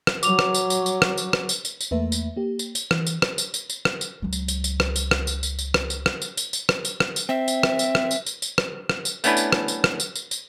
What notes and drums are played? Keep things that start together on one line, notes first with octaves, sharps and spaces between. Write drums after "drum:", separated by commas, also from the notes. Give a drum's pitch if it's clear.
drum: rim click
F#3 D6 F7, drum: tambourine
drum: rim click
drum: tambourine
drum: tambourine
drum: tambourine
drum: rim click
drum: tambourine
drum: rim click
drum: tambourine
drum: tambourine
drum: tambourine
E2 A3 A#3 B4 E5
drum: tambourine
A#3 G4
drum: tambourine
drum: tambourine
E3, drum: rim click
drum: tambourine
drum: rim click
drum: tambourine
drum: tambourine
drum: tambourine
drum: rim click
drum: tambourine
C#2 F#3
drum: tambourine
drum: tambourine
drum: tambourine
drum: rim click
drum: tambourine
drum: rim click
drum: tambourine
drum: tambourine
drum: tambourine
drum: rim click
drum: tambourine
drum: rim click
drum: tambourine
drum: tambourine
drum: tambourine
drum: rim click
drum: tambourine
drum: rim click
drum: tambourine
C4 E5
drum: tambourine
drum: rim click
drum: tambourine
drum: rim click
drum: tambourine
drum: tambourine
drum: tambourine
drum: rim click
drum: rim click
drum: tambourine
A3 B3 C#4 D4 E4 B4, drum: tambourine
drum: tambourine
drum: rim click
drum: tambourine
drum: rim click
drum: tambourine
drum: tambourine
drum: tambourine